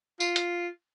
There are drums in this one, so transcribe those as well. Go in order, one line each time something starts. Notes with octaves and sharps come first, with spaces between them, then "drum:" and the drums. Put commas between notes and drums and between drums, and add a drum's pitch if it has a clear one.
F4, drum: tambourine
drum: hi-hat